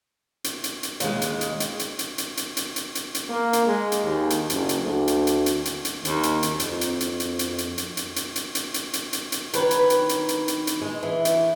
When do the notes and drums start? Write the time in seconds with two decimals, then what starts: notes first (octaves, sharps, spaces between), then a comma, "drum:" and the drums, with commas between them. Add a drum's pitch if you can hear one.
0.44 drum: hi-hat
0.64 drum: hi-hat
0.83 drum: hi-hat
1.00 D#2 G#3, drum: hi-hat
1.22 drum: hi-hat
1.41 drum: hi-hat
1.60 drum: hi-hat
1.79 drum: hi-hat
1.99 drum: hi-hat
2.18 drum: hi-hat
2.37 drum: hi-hat
2.57 drum: hi-hat
2.76 drum: hi-hat
2.95 drum: hi-hat
3.15 drum: hi-hat
3.29 A#3
3.53 drum: hi-hat
3.66 G#3
3.92 drum: hi-hat
4.04 D#2
4.30 drum: hi-hat
4.50 F#1, drum: hi-hat
4.69 drum: hi-hat
4.81 D2
5.08 drum: hi-hat
5.27 drum: hi-hat
5.46 drum: hi-hat
5.65 drum: hi-hat
5.85 drum: hi-hat
6.05 D#2, drum: hi-hat
6.23 drum: hi-hat
6.43 drum: hi-hat
6.60 F2, drum: hi-hat
6.81 drum: hi-hat
7.00 drum: hi-hat
7.20 drum: hi-hat
7.39 drum: hi-hat
7.58 drum: hi-hat
7.78 drum: hi-hat
7.97 drum: hi-hat
8.16 drum: hi-hat
8.36 drum: hi-hat
8.55 drum: hi-hat
8.74 drum: hi-hat
8.93 drum: hi-hat
9.13 drum: hi-hat
9.32 drum: hi-hat
9.53 D#3 B4 C#5, drum: hi-hat
9.71 drum: hi-hat
9.90 drum: hi-hat
10.09 drum: hi-hat
10.29 drum: hi-hat
10.48 drum: hi-hat
10.67 drum: hi-hat
10.81 G#3
11.03 E3
11.25 drum: hi-hat